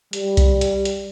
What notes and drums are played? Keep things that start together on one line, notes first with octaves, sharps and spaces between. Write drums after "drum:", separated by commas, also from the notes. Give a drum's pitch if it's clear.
G3, drum: hi-hat
drum: kick B1, hi-hat
drum: hi-hat
drum: hi-hat